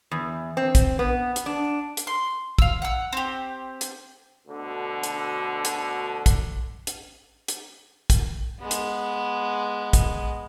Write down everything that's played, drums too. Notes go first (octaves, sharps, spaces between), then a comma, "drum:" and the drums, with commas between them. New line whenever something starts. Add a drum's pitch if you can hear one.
E2
C4
drum: kick, hi-hat
B3
drum: hi-hat
D4
drum: hi-hat
C6
F5 E6, drum: kick
F#5 E6
C4 G4
drum: hi-hat
D2 B2 D3
drum: hi-hat
drum: hi-hat
drum: kick, hi-hat
drum: hi-hat
drum: hi-hat
drum: kick, hi-hat
G#3 B3
drum: hi-hat
drum: kick, hi-hat